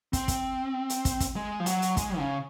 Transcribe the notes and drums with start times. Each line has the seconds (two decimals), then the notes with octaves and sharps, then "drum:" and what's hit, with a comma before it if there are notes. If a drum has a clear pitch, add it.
0.13 C4, drum: kick, hi-hat
0.28 drum: kick, hi-hat
0.90 drum: hi-hat
1.05 drum: kick, hi-hat
1.20 drum: kick, hi-hat
1.36 G#3
1.60 F3
1.66 F#3, drum: hi-hat
1.82 drum: hi-hat
1.97 G#3, drum: kick, hi-hat
2.18 C#3